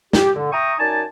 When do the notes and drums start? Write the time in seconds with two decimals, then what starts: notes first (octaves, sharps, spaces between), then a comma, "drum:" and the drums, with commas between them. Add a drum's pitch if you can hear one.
0.13 G4, drum: snare
0.34 D3
0.52 E5 G5 A#5 C#6 D#6
0.79 F#2 D#4 D5 G#5 A5